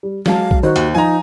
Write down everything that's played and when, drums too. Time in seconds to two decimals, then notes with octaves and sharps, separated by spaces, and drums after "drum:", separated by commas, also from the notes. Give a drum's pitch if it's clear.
0.03 G3
0.26 F#3 G#3 F5 A5, drum: snare
0.51 drum: kick
0.63 D#3 D#4 F#4 C5
0.76 D#2, drum: hi-hat
0.95 F3 D#4 G#5 A#5